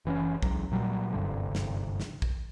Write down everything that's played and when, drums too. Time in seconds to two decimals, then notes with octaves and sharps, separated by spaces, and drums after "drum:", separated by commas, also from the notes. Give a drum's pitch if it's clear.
0.05 F#1 E3 C4 C#4
0.42 C#2 F#3, drum: kick
0.71 A#2 F#3 G3
1.12 F#1 C2 G2 D3
1.55 drum: snare
2.00 drum: snare
2.22 drum: kick